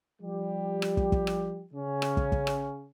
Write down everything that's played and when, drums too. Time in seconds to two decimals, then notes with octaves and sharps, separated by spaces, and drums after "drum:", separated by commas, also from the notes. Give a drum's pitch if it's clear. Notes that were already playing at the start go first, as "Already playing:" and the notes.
0.22 F3 G3 G4
0.82 drum: rim click
0.97 drum: kick
1.12 drum: kick
1.27 drum: rim click
1.74 C#3 C#4
2.02 drum: rim click
2.17 drum: kick
2.32 drum: kick
2.47 drum: rim click